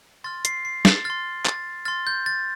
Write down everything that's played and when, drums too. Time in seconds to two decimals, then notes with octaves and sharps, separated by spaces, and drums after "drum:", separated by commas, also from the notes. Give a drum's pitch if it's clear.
0.24 C6 F6 A6
0.45 C7, drum: hi-hat
0.65 C7
0.85 A6, drum: snare
1.05 C6 F6 A6
1.45 A6, drum: clap
1.85 C6 F6 A6
2.07 G6
2.26 A6